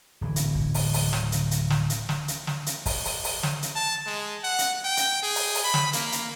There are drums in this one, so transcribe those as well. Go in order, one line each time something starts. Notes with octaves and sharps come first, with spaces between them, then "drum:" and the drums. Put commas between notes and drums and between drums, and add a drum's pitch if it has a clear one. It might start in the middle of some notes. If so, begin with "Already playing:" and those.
D1 E3
drum: hi-hat
drum: kick
drum: open hi-hat
drum: open hi-hat
drum: snare
drum: hi-hat
drum: hi-hat
drum: snare
drum: hi-hat
drum: snare
drum: hi-hat
drum: snare
drum: hi-hat
drum: kick, open hi-hat
drum: open hi-hat
drum: open hi-hat
drum: snare
drum: hi-hat
A5
G#3
F#5
drum: hi-hat
G5
drum: hi-hat
G#4
drum: open hi-hat
drum: open hi-hat
B5
drum: snare
A#3, drum: hi-hat
drum: hi-hat